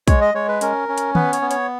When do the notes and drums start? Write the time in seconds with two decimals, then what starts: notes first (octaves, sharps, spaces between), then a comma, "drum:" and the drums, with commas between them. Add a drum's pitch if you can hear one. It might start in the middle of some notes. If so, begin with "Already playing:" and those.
0.08 G#3 C#5, drum: kick, hi-hat
0.21 D#5
0.34 G#3 C#5
0.48 B4
0.61 C#4 A#4, drum: hi-hat
0.88 C#4
0.98 drum: hi-hat
1.15 B3 B4, drum: tom
1.33 C#5, drum: hi-hat
1.42 B3
1.51 C#5, drum: hi-hat